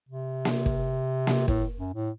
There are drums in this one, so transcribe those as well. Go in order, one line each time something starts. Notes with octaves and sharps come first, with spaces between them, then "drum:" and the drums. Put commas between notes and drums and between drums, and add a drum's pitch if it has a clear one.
C3
drum: snare A#3
drum: kick
drum: snare A#3
A2, drum: kick
F#2
A2